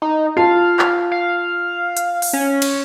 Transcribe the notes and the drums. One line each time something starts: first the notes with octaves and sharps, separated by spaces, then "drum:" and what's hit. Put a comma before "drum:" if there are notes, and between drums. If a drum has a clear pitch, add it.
D#4
F4 F5 A5
drum: clap
F5
drum: hi-hat
drum: open hi-hat
C#4
drum: cymbal